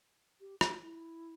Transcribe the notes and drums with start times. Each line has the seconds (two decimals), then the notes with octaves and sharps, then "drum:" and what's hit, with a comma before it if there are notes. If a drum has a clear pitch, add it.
0.41 G4
0.61 F#4, drum: rim click
0.83 E4